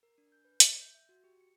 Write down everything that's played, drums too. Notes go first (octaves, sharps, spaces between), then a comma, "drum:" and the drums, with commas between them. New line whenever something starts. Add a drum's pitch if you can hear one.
A#4
D4
G6
B4
E5, drum: hi-hat
G6
E5
F#4
G4
C#7